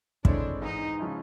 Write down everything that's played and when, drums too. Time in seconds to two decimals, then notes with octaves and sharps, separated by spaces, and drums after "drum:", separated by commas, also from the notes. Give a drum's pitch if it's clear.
0.25 G#3 C4 D4 E4 A4 C#5, drum: kick
0.61 G#2 E3 G#3 D#4
0.99 C#3 F3 G#3 C#4 E4